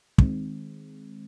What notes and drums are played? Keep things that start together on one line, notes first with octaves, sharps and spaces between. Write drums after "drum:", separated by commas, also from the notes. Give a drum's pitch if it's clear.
D#3 G#3 C4, drum: kick